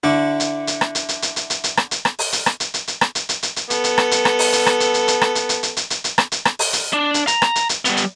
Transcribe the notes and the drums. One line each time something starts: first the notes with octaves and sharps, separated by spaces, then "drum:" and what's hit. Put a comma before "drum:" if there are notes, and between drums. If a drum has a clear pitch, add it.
D3 E4 D5 C#6
drum: hi-hat
drum: hi-hat
drum: rim click
drum: hi-hat
drum: hi-hat
drum: hi-hat
drum: hi-hat
drum: hi-hat
drum: hi-hat
drum: rim click
drum: hi-hat
drum: rim click
drum: open hi-hat
drum: hi-hat
drum: rim click
drum: hi-hat
drum: hi-hat
drum: hi-hat
drum: rim click
drum: hi-hat
drum: hi-hat
drum: hi-hat
drum: hi-hat
B3 A4, drum: hi-hat
drum: hi-hat
drum: rim click
drum: hi-hat
drum: rim click
drum: open hi-hat
drum: hi-hat
drum: rim click
drum: hi-hat
drum: hi-hat
drum: hi-hat
drum: rim click
drum: hi-hat
drum: hi-hat
drum: hi-hat
drum: hi-hat
drum: hi-hat
drum: hi-hat
drum: rim click
drum: hi-hat
drum: rim click
drum: open hi-hat
drum: hi-hat
D4
drum: hi-hat
A#5, drum: hi-hat
drum: rim click
drum: hi-hat
drum: hi-hat
G3 B3, drum: hi-hat
drum: hi-hat